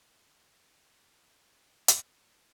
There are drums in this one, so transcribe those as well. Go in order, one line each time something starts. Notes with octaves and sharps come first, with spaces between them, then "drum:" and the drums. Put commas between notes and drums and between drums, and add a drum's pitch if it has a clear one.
G#4 F5 D#6 E6
drum: hi-hat